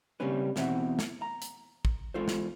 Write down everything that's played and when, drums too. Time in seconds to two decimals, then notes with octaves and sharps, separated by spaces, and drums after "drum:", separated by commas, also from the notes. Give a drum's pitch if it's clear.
0.20 C#3 G3 A#3 C4 C#4 B4
0.56 E2 B2 E3 C4 E5 F#5, drum: snare
0.99 drum: snare
1.22 A#5
1.42 drum: hi-hat
1.85 drum: kick
2.14 E2 G#3 F4 A4 C5
2.28 drum: snare